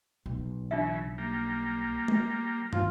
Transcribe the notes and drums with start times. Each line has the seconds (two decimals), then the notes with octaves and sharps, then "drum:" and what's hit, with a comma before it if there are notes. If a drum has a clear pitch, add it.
0.26 B1
0.71 C#3 E3 D4 F4 E5
1.18 G3 A#3
2.08 drum: tom
2.73 F4, drum: tom